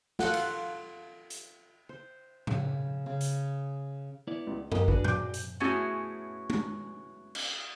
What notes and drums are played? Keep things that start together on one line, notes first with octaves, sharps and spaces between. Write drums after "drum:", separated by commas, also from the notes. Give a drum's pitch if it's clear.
F4 A4 F#5, drum: snare
drum: cymbal
drum: hi-hat
C5
C#3, drum: tom A2
C#3
drum: hi-hat
B3 E4 D5
C#2
A#3 G4 D#5, drum: tom F#2
D4 F#4 G#4 B4 D5, drum: kick
D6 G6, drum: tom A2
drum: hi-hat
A3 B3 C#4 E4 F#4 G#4
drum: tom G#3
drum: cymbal